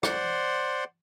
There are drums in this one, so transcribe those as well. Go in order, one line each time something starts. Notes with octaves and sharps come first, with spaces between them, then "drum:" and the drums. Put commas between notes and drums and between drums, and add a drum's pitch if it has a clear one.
C5 D5 F#5 C6, drum: rim click